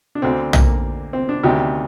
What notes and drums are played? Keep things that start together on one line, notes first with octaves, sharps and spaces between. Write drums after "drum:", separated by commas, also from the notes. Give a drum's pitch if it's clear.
D4
D2 D3 C4
A#3, drum: tom
C4
D4
D2 C3 D#3 G4